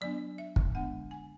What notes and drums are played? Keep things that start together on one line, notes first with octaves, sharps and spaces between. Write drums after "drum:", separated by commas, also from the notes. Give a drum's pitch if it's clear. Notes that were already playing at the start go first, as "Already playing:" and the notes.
F#3 B3 D4 D5
E5
drum: kick
D3 G#3 B3 D4 F#5
G#5